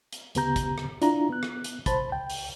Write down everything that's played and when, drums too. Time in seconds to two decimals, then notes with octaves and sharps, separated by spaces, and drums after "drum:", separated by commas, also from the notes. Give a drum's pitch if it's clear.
0.13 drum: hi-hat
0.35 D2 C#3 B3 G4 A#5 G6, drum: hi-hat
0.56 drum: kick, hi-hat
0.78 drum: rim click
1.02 D4 E4 F4 A#5, drum: hi-hat
1.30 B3 F#6
1.43 drum: rim click
1.64 drum: hi-hat
1.86 C2 C5 A5 B5 A6, drum: kick, hi-hat
2.12 C#2 G5
2.30 drum: open hi-hat